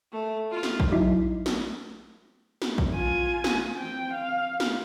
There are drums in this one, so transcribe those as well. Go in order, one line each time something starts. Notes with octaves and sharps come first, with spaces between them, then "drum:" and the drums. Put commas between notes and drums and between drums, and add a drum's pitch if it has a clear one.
A3
F4
drum: snare
drum: kick A#1
F#3 D#4 E4
drum: snare
drum: snare
drum: kick A#1
F4 G#5
drum: snare
C4 G5
F5
drum: snare